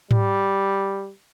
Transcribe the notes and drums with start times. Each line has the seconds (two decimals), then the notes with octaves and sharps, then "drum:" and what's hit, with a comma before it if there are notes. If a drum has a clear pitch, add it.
0.11 G3, drum: tom G#2